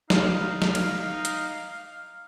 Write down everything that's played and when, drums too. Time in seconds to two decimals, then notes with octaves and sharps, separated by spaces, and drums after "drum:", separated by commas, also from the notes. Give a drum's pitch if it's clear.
0.10 D#4 F5, drum: snare
0.62 drum: snare
0.75 drum: cymbal
1.25 drum: hi-hat